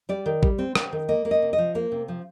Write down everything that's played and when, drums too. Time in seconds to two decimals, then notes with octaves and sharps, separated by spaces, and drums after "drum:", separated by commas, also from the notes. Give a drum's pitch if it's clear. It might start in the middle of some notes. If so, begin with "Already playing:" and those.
0.09 G3 D5
0.26 D#3
0.43 G3, drum: kick
0.59 C4
0.75 C4, drum: rim click
0.93 D#3
1.09 A#3 D#5
1.25 A#3
1.31 D#5
1.42 C3
1.53 D#5
1.58 F3
1.75 A#3 F5
1.92 C3
2.08 F3